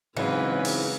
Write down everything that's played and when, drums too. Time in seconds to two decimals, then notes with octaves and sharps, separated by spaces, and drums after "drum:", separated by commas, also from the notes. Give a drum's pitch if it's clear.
0.17 G#2 C#3 E3 F#3 C4 B4
0.65 drum: open hi-hat